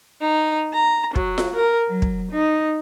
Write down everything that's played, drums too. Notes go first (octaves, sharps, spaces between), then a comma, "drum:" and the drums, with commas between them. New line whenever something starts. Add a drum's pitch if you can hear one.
D#4
A#5
F#3, drum: kick
drum: snare F4
A#4
F#3
drum: kick
D#4